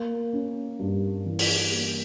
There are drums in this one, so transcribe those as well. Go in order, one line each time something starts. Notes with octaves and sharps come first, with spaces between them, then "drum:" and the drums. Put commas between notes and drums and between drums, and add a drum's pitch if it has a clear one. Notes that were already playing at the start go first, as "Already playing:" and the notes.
Already playing: A#3
C#4
G2
E3
drum: open hi-hat
A#3